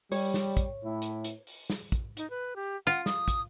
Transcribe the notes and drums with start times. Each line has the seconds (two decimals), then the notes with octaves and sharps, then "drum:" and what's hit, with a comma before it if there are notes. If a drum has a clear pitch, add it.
0.12 G3 C#5, drum: open hi-hat
0.34 drum: snare
0.57 drum: kick, hi-hat
0.83 A2 E4
1.02 drum: hi-hat
1.24 drum: hi-hat
1.47 drum: open hi-hat
1.70 drum: snare
1.92 drum: kick, hi-hat
2.17 D#4, drum: hi-hat
2.30 B4
2.56 G4
2.87 F4 F#5
3.06 D#6, drum: snare
3.28 drum: kick, hi-hat